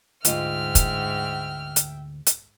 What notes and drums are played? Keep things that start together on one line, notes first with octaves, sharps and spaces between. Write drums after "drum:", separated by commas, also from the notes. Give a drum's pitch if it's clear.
D2 G#2 F4 D#5 E5 G5 F6, drum: hi-hat
drum: kick, hi-hat
drum: hi-hat
drum: hi-hat